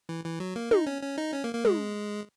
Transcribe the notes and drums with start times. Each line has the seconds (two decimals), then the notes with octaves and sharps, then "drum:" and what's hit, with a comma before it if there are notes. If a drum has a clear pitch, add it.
0.09 E3
0.24 E3
0.40 F#3
0.56 A#3
0.71 D#4, drum: tom
0.86 C#4
1.02 C#4
1.18 D#4
1.34 C#4
1.44 A#3
1.54 A#3
1.65 G#3, drum: tom